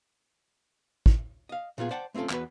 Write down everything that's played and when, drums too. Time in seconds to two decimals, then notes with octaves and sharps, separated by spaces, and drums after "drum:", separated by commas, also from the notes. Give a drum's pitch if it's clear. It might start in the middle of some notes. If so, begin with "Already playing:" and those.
1.06 drum: kick
1.49 D#5 F5
1.78 A#2 B3 F4 G#4
1.91 C5 D5 F#5 G5 A5
2.14 A3 C4 C#4 F4 A4
2.29 E2 B3 F#4 B4, drum: clap